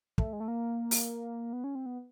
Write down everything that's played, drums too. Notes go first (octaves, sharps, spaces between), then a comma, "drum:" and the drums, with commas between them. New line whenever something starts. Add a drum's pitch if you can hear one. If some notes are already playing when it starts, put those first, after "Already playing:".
A3, drum: kick
G#3
A3
A#3
drum: open hi-hat
B3
C#4
C4
B3